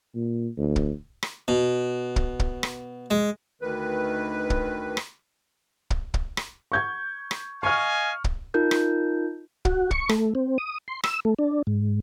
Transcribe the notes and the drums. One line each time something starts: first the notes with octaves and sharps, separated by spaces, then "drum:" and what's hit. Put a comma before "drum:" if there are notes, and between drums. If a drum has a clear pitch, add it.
A#2
D2
drum: kick
drum: rim click
B2
drum: kick
drum: kick
drum: rim click
G#3
D2 D#3 B4
drum: kick
drum: rim click
drum: kick
drum: kick
drum: rim click
C#6 G6 G#6
drum: rim click
D#5 F5 G#5 C#6 F6
drum: kick
D#4 F4 A#4 G6
drum: rim click
F#4, drum: kick
C#6, drum: kick
A3, drum: rim click
C4
D#6
C6
E6, drum: rim click
A3
D4
G#2